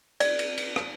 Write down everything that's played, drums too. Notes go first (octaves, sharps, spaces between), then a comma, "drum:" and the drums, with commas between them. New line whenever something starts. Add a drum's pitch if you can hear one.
D5, drum: cymbal
drum: cymbal
drum: cymbal
drum: rim click